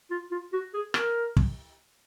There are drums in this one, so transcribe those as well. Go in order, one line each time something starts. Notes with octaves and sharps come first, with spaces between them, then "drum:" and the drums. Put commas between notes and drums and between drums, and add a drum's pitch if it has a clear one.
F4
F4
F#4
G#4
A#4, drum: rim click
drum: kick